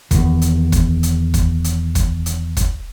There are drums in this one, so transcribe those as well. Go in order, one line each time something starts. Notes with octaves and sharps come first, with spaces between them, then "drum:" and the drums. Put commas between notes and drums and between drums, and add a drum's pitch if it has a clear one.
E2 D#3, drum: kick, hi-hat
drum: hi-hat
drum: kick, hi-hat
drum: hi-hat
drum: kick, hi-hat
drum: hi-hat
drum: kick, hi-hat
drum: hi-hat
drum: kick, hi-hat